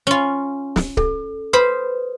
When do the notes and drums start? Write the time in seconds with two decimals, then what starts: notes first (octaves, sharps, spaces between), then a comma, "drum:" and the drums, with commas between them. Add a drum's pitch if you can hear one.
0.07 C#4 F4
0.76 drum: snare
0.97 A4, drum: kick C#1
1.53 B4 C5 B5 D#6